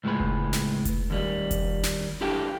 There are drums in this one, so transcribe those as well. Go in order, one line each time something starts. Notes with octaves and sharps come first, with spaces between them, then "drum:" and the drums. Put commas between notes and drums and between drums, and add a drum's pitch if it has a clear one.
C#2 A2 G#3 B3 B5
drum: kick F1
drum: snare
drum: kick F1, hi-hat
D#2 G3
drum: kick F1, hi-hat
drum: snare
D4 E4 G4 A4 F5 G5